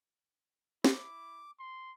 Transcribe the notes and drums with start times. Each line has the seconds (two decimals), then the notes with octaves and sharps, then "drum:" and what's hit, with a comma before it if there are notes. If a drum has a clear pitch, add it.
0.84 E4 D6, drum: snare
1.59 C6